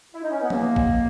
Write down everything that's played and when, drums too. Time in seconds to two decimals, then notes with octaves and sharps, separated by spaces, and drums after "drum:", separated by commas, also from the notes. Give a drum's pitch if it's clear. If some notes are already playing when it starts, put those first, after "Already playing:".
0.13 E4
0.23 D#4
0.31 C#4
0.41 B3
0.50 E2 A#3, drum: tom F3
0.67 G#3
0.76 drum: kick A1